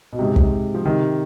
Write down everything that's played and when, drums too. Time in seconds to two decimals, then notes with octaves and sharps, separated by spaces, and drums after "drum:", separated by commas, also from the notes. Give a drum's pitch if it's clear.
0.13 B2
0.19 G#2 C3
0.36 drum: kick
0.74 F3
0.85 C3 D#3